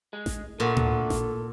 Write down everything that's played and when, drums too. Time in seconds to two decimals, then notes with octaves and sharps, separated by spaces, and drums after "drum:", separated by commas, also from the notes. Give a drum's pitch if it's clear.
0.13 G#3
0.26 drum: snare A1
0.60 A#2 D3 A3 F#4 A4
0.77 drum: tom A2
1.10 drum: snare A1